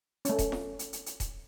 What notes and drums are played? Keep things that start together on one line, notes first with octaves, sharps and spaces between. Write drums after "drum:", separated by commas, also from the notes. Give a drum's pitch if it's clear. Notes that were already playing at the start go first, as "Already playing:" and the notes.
A3 C#4, drum: hi-hat
drum: kick D#1, hi-hat
drum: snare F4
drum: hi-hat
drum: hi-hat
drum: hi-hat
drum: kick D#1, hi-hat